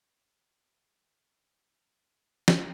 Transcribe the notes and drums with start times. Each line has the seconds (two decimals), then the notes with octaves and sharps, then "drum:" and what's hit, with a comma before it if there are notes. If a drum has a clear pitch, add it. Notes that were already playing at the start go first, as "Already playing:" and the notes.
0.10 D#4
0.33 B3
0.56 A#3
0.78 F#3
0.93 E3
1.08 C#3
1.23 D#3
1.47 E3
1.69 F#3
1.92 D#3
2.00 C#3
2.08 D#3
2.48 drum: snare